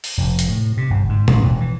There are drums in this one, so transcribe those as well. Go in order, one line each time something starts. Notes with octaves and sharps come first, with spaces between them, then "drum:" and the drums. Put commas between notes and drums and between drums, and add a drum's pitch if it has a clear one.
drum: open hi-hat
F1
drum: hi-hat
A2
C3
G1
G#2
A1, drum: tom
E1
E3